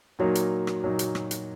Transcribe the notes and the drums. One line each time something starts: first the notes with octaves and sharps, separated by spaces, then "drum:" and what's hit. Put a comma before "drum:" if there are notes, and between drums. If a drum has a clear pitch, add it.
A#2 F#3 A#3 D#4 F#4
drum: hi-hat
drum: rim click
A#2 F#3 A#3 D#4
drum: hi-hat
drum: rim click
drum: hi-hat